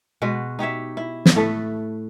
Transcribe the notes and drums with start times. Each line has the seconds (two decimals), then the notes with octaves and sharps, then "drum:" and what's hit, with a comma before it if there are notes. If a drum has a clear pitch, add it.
0.22 B2 G#3 F#4 B4
0.59 D#4 G4 C#5 E5
0.97 E4
1.26 drum: snare
1.35 A2 A3 A4 B4